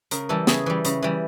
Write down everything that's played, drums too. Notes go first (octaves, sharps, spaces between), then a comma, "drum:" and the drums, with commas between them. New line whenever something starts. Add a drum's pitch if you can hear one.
C#3 A#4, drum: hi-hat
E3 G3 A4
C#3 G#4, drum: snare
E3 G3
C#3, drum: hi-hat
E3 G3